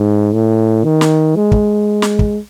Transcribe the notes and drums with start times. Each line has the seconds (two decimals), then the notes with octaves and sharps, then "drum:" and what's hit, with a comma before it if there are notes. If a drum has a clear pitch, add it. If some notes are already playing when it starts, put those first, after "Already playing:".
Already playing: G#2
0.33 A2
0.84 D#3
1.01 drum: snare
1.35 G#3
1.52 drum: kick
2.02 drum: snare
2.19 drum: kick